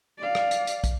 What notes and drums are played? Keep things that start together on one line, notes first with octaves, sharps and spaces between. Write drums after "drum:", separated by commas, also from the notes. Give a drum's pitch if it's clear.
D5 F5
drum: rim click
drum: hi-hat
drum: hi-hat
drum: kick, hi-hat